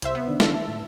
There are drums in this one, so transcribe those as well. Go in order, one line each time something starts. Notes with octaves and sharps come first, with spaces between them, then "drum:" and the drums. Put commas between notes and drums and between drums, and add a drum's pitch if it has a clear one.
C2 C5 E5, drum: hi-hat
B3
D3 D#3 D4
E5 A5, drum: snare
A2